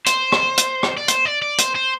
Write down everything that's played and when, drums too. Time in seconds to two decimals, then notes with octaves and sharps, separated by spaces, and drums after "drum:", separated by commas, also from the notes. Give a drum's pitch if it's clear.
0.06 C5, drum: hi-hat
0.32 drum: rim click
0.58 drum: hi-hat
0.83 drum: rim click
0.97 D5
1.08 C5, drum: hi-hat
1.26 D5
1.42 D5
1.58 C5, drum: hi-hat
1.75 C5